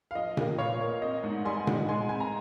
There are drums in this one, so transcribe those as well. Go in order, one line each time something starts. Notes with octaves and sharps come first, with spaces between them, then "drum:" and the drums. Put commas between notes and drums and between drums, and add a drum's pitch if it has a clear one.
F5
F3 D#5
A#3, drum: tom A#2
A#2 C#5 F5
A#3
C4 D#5
G#2
G3 G#5 C6
G#2, drum: tom A#2
G#3 G#5 C6
C4 G#5
A#5